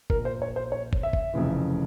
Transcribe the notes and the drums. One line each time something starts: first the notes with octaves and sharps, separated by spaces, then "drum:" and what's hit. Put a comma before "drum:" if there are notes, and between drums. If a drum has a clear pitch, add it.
A#1 A#2 A#4, drum: kick
C5
C#5
C5
C#5
drum: kick
E5
drum: kick
F1 F2 C#3 E3